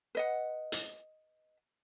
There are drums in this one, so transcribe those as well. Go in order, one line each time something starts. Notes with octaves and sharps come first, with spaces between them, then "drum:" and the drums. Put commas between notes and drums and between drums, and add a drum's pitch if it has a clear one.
B4 D#5 F#5
drum: hi-hat